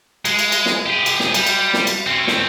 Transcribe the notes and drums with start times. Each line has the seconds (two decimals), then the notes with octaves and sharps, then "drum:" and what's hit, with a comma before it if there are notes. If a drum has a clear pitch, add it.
0.25 G#3, drum: cymbal
0.39 drum: cymbal
0.52 drum: cymbal
0.66 drum: snare
0.86 G4 G#4
1.06 drum: cymbal
1.20 drum: snare
1.34 G3, drum: cymbal
1.47 drum: cymbal
1.74 drum: snare
1.87 drum: cymbal
2.07 C4 C#4
2.27 drum: snare